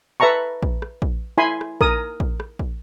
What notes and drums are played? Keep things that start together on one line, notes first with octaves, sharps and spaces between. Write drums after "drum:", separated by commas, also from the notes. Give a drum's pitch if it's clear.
B4 E5 A5 A#5 C#6
drum: kick A#1
drum: rim click
drum: kick A#1
E4 G#5 B5 C6
drum: rim click
A#4 D#6, drum: kick A#1
drum: kick A#1
drum: rim click
drum: kick A#1